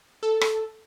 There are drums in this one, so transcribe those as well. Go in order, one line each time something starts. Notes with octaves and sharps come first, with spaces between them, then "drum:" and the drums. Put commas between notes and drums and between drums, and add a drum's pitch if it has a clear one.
A4
drum: rim click